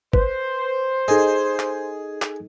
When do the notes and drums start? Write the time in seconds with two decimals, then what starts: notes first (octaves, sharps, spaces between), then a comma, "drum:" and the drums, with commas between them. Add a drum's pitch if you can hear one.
0.13 B4 C5, drum: kick
1.08 D#4 G#4 A4 D#5
1.59 drum: clap
2.22 drum: clap